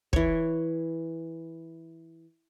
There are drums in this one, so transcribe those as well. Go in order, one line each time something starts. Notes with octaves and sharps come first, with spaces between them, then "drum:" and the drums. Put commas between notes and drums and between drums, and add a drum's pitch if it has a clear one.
E3 C#5, drum: kick